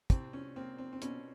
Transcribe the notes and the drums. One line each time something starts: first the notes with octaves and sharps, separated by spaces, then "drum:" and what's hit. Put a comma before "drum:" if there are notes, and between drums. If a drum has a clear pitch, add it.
C2 C4, drum: kick, hi-hat
C#4
A#3 C4
C4
C4
B2 C#4, drum: hi-hat